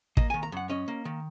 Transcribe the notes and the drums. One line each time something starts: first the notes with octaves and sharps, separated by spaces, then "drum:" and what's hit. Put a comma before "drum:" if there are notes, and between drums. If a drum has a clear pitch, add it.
A#3 D#5, drum: kick
D#3 G#5
A#5
F#2 F#5
C#4 D#5
A#3
D#3